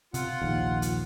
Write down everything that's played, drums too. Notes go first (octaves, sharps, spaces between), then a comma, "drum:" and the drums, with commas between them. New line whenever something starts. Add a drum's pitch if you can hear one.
C3 F4 F#5, drum: hi-hat
A#1 D#2
drum: hi-hat